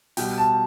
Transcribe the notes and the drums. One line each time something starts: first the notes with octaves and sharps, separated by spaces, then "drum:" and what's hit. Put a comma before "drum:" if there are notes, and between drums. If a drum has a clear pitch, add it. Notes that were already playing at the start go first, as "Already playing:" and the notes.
B2 G3 G5, drum: open hi-hat
A5